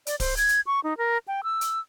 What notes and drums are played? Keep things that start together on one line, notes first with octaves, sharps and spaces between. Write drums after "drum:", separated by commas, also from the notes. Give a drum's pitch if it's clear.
D5, drum: hi-hat
C5, drum: kick D1, open hi-hat
G#6, drum: hi-hat
drum: hi-hat
C#6
D#4
A#4
G5
E6
drum: hi-hat